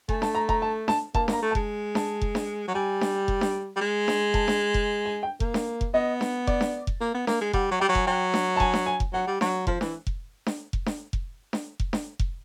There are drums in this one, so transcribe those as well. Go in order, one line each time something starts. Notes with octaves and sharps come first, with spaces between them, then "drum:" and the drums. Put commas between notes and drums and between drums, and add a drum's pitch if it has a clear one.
A3 G#5, drum: kick F1
A5, drum: snare D4
A#5
A#5, drum: kick F1
A5
A5, drum: snare D4
A#3 A5, drum: kick F1
A#3 A#5, drum: snare D4
A3
A5
G#3, drum: kick F1
A5, drum: snare D4
drum: kick F1
drum: snare D4
F#3
G3 G#5
drum: snare D4
drum: kick F1
drum: snare D4
G3
G#3
drum: snare D4
A5, drum: kick F1
drum: snare D4
drum: kick F1
G#5
G5
A#3, drum: kick F1
drum: snare D4
drum: kick F1
B3 D#5
drum: snare D4
D5, drum: kick F1
drum: snare D4
drum: kick F1
A#3
B3
A#3, drum: snare D4
G#3
G3 F#5, drum: kick F1
F#3
G3 G5
F#3
G#5, drum: kick F1
F#3 G5
drum: snare D4
A5
G#5, drum: kick F1
drum: snare D4
G#5
drum: kick F1
F#3 F#5
G3
F#3, drum: snare D4
F3 C5, drum: kick F1
E3, drum: snare D4
drum: kick F1
drum: snare D4
drum: kick F1
drum: snare D4
drum: kick F1
drum: snare D4
drum: kick F1
drum: snare D4
drum: kick F1